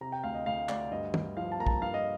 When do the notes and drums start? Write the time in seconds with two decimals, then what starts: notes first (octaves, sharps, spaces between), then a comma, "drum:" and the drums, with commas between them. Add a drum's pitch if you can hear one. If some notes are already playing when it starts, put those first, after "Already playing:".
0.01 C3 A#5
0.12 G5
0.23 D2 F5
0.34 D#5
0.46 D2 F5
0.69 D2 D5, drum: clap
0.91 G2 D#5
1.14 G2, drum: tom
1.37 F3 F5
1.52 A5
1.59 A#3 A#5
1.66 A5, drum: kick
1.82 G2 F5
1.94 D#5